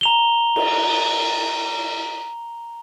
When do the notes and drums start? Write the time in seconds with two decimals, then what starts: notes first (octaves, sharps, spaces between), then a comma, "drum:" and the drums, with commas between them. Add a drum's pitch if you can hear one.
0.01 A#5 F7 G7
0.56 drum: cymbal